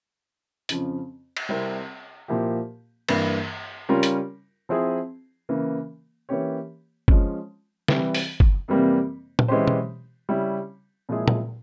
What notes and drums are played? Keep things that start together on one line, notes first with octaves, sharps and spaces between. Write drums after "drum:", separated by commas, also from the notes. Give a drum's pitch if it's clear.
F2 C#3 F3, drum: hi-hat
drum: cymbal
C3 G3 C4 E4 A#4
A#2 F3 A#3 E4 G4
G2 E3 A#3, drum: cymbal
C#3 G3 C#4 F4 A#4
drum: hi-hat
F3 C4 E4 G#4
C#3 E3 A#3
E3 A#3 C#4 G4 C#5
F3 G#3 C#4, drum: kick
C3 E3 G3, drum: snare
drum: open hi-hat
drum: kick
F2 C3 E3 G3 A#3
drum: tom
E3 G#3 C#4 G4 C5
drum: tom B2
C#3 G3 C#4 E4
A#2 F3 G#3 E4 G#4
drum: tom